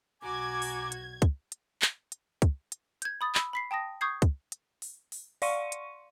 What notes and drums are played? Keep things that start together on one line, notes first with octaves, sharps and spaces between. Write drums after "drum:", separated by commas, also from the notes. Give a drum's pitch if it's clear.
B1 F#4 G#5 A#5 D6 G#6
drum: open hi-hat
drum: hi-hat
drum: kick, hi-hat
drum: hi-hat
drum: clap
drum: hi-hat
drum: kick, hi-hat
drum: hi-hat
G6 G#6, drum: hi-hat
B5 D#6 A6
B5 E6, drum: clap
B5 B6 C7
G5 A5 D#6 A#6
C#6 D#6 G6 G#6 C7
drum: kick, hi-hat
drum: hi-hat
drum: open hi-hat
drum: open hi-hat
D5 F5 C6 C#6 C#7 D#7, drum: open hi-hat
drum: hi-hat